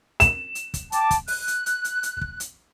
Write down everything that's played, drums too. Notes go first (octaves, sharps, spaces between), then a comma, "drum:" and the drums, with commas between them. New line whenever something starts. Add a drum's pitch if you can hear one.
E7, drum: hi-hat
drum: hi-hat
drum: kick, hi-hat
G5 A5 D6, drum: hi-hat
drum: kick, hi-hat
F#6, drum: open hi-hat
drum: hi-hat
drum: hi-hat
drum: hi-hat
drum: hi-hat
drum: kick
drum: hi-hat